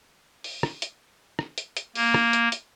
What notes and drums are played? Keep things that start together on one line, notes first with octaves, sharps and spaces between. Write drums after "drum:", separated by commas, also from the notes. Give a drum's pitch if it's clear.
drum: open hi-hat
drum: rim click
drum: hi-hat
drum: rim click
drum: hi-hat
drum: hi-hat
A#3, drum: open hi-hat
drum: rim click
drum: hi-hat
drum: hi-hat